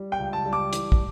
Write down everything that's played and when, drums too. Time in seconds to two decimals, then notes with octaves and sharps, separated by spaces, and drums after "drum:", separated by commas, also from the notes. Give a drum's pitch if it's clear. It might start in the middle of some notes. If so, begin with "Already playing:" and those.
Already playing: G3
0.12 G5
0.19 C#2
0.33 A5
0.46 G3
0.53 D6
0.73 E3, drum: hi-hat
0.92 drum: kick